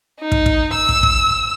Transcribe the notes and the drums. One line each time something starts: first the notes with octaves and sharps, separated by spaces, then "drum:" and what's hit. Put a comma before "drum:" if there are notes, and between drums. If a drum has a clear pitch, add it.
D#4
drum: kick
drum: kick
E6
drum: kick
drum: kick